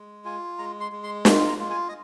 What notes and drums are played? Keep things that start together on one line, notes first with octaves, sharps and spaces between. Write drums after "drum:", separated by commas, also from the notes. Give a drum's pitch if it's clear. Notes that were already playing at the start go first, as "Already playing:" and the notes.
Already playing: G#3
F4 G#5
G#3 A#5
C6
G#3
C6
F4 C6, drum: snare
A#5
F4
G#5
D#5